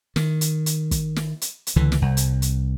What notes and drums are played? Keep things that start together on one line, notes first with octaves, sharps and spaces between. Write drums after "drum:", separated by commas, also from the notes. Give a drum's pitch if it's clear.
D#3, drum: snare
drum: hi-hat
drum: hi-hat
drum: kick, hi-hat
drum: snare
drum: hi-hat
drum: hi-hat
C#2 D3 E3
drum: snare
C2
drum: hi-hat
drum: hi-hat